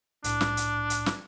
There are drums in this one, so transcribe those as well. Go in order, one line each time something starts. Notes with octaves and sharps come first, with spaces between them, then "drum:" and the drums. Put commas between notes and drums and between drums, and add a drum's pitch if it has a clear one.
C2 A2 D4, drum: hi-hat
drum: snare
drum: hi-hat
drum: hi-hat
drum: snare